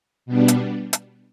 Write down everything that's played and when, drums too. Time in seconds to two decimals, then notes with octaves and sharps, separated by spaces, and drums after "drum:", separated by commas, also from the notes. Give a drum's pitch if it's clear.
0.26 B2 G3 B3 D4
0.48 drum: hi-hat
0.93 drum: hi-hat